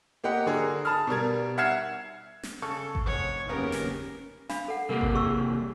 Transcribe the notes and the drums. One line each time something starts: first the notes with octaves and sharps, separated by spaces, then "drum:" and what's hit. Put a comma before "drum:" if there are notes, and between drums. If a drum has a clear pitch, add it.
A#3 G4 D#5 F#5
D3 F#4 G#4 A#4
A5 B5 D#6 F6
B2 G3 A#4 G#6
E5 F#5 F6 G#6 C7 E7
drum: snare
C#3 A4 C#6
drum: kick G#1
F1 G#2 C#5
F#1 D#2 C#3 B3 C#4 G4 A#4 A#5
drum: snare
D4 F5 B5, drum: snare
A4 F#5
C3 G3 A#3 A#4 F#5
drum: kick G#1
G#4 C#6 E6